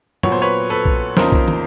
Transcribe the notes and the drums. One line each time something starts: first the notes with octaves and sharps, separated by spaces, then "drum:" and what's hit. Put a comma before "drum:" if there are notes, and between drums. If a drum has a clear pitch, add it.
A#2 F#3 B3 C#5, drum: tom
C5
B4 C#5
A4 B4
drum: kick
E2 C#3 F3 A#3 D#4 A#4 C5, drum: snare
drum: kick
drum: tom